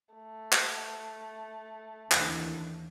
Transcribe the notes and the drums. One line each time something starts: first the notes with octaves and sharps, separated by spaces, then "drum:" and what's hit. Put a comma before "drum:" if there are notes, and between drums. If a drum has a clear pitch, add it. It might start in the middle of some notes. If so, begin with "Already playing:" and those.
A3
drum: clap
D#2 D3 E3, drum: clap